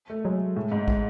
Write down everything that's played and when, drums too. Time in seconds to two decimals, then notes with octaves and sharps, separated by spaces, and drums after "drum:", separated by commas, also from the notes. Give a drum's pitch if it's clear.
0.10 A3
0.24 F#3 G#3
0.56 A2 G#3
0.72 G#2
0.88 G#3, drum: kick